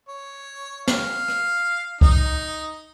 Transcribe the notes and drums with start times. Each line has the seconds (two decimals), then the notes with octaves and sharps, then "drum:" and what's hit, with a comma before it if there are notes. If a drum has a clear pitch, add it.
0.09 C#5
0.88 F5, drum: snare
1.28 drum: rim click
2.01 D#4, drum: kick C2